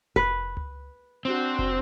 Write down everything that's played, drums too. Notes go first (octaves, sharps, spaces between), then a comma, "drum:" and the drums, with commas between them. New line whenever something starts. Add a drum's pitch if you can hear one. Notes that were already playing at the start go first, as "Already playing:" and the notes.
B4, drum: kick F1
drum: tom C#2
C4 D4 F#4 C5
drum: kick F1